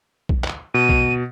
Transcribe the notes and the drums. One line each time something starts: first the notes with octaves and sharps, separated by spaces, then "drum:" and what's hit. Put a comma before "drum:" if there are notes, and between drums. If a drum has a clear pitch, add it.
drum: kick B1
drum: clap
B2 D#7
drum: kick B1